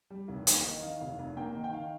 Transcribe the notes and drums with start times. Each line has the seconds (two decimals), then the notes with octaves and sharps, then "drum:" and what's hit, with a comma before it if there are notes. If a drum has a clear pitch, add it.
0.10 G3
0.28 F1
0.47 D#2, drum: hi-hat
0.64 D#3 D#5
0.77 D#5
0.83 D#3 F5
1.01 F1 F5
1.19 F1
1.37 A#3 G5
1.55 D#3
1.64 G5
1.73 D#3 F5